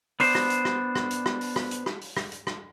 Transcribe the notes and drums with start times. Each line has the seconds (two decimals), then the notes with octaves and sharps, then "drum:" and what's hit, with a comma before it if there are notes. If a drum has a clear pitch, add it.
0.20 B3 D4 C5, drum: open hi-hat
0.35 drum: rim click
0.50 drum: hi-hat
0.65 drum: rim click
0.95 drum: rim click
1.11 drum: hi-hat
1.26 drum: rim click
1.41 drum: open hi-hat
1.56 drum: rim click
1.71 drum: hi-hat
1.86 drum: rim click
2.01 drum: open hi-hat
2.17 drum: rim click
2.32 drum: hi-hat
2.47 drum: rim click